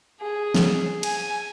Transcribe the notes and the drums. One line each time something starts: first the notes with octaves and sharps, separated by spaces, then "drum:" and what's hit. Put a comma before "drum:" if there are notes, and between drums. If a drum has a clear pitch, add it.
G#4
drum: snare
G#5, drum: cymbal